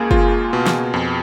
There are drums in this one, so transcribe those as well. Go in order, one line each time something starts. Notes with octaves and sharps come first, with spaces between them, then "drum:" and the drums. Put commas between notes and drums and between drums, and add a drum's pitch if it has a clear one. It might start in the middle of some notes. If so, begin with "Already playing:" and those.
Already playing: C#2 A#3 G#4
F4, drum: kick F#1
B2
drum: snare
F2